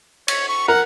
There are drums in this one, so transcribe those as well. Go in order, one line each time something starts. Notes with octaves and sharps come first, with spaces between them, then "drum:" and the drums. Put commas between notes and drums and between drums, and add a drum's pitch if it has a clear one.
C#5, drum: cymbal
C#6
A#4 F#5